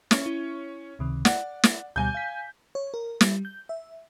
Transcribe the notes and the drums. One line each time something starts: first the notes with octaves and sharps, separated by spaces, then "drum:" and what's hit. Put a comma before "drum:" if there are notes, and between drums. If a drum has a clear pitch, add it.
C#4 C#5, drum: snare
E4
C#2 C3 D#3
D5 F#5, drum: snare
drum: snare
D2 B2 G3 G#5 G6
F5 B6
C#5
A#4
G3, drum: snare
G6
E5